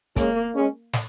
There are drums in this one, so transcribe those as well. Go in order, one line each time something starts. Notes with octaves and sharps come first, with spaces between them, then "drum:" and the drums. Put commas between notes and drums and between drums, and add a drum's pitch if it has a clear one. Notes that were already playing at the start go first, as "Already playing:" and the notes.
G#3 A#3 C#4, drum: kick, hi-hat
G#3 C#4
drum: snare